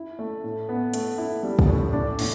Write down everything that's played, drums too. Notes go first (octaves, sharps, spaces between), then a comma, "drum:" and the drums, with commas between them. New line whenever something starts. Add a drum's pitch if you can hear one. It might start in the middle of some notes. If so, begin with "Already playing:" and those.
Already playing: E4
A3
A2
B3
A3, drum: hi-hat
E4
G3
drum: kick
A2
D4
A2, drum: cymbal